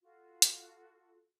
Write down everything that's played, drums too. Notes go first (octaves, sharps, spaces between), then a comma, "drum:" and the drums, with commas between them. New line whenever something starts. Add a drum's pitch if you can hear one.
F4 F#4 A4
drum: hi-hat